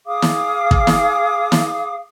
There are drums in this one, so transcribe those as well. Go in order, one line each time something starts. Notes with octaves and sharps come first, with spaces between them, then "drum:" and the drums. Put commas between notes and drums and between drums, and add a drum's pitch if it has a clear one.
G#4 F5 D6 D#6
drum: snare
drum: kick
drum: snare
drum: snare